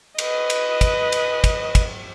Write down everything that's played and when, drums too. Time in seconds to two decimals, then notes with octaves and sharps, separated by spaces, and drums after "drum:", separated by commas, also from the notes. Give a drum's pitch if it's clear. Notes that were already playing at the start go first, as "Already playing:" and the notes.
0.18 B4 D#5, drum: cymbal
0.50 drum: cymbal
0.81 drum: kick, cymbal
1.12 drum: cymbal
1.44 drum: kick, cymbal
1.75 drum: kick, cymbal